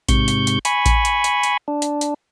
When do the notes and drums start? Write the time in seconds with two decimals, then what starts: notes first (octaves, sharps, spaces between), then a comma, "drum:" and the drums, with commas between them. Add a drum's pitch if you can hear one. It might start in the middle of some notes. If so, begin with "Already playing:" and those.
0.09 G#2 C3 C#6 G6, drum: kick A1, hi-hat
0.28 drum: hi-hat
0.47 drum: hi-hat
0.65 G#5 B5 C#6, drum: hi-hat
0.86 drum: kick A1, hi-hat
1.05 drum: hi-hat
1.24 drum: hi-hat
1.43 drum: hi-hat
1.68 D4
1.82 drum: hi-hat
2.01 drum: hi-hat